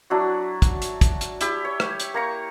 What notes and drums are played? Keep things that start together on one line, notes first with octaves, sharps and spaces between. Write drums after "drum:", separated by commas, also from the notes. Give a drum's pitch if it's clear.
F#3 D4 E4 F#4
drum: kick, hi-hat
drum: hi-hat
drum: kick, hi-hat
drum: hi-hat
E4 G4, drum: hi-hat
C#5
drum: rim click
drum: hi-hat
A#3 A#5 C#6